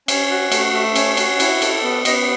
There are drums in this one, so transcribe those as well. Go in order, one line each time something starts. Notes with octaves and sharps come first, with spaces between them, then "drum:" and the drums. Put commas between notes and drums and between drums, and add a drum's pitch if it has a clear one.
C#4, drum: cymbal
F#4
A3, drum: cymbal
A3 E5
C#4, drum: cymbal
F#4, drum: cymbal
E4, drum: cymbal
A4, drum: cymbal
B3
B3 D#5, drum: cymbal